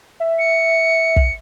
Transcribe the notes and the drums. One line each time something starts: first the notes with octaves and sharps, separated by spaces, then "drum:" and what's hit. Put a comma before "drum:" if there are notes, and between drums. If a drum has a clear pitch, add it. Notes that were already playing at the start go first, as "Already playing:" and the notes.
E5
C#7
drum: kick